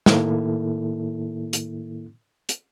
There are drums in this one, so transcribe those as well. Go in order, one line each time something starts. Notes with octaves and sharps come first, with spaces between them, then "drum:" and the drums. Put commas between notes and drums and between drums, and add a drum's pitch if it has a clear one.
A2 D#3 A#3 E4 A4, drum: snare
drum: hi-hat
drum: hi-hat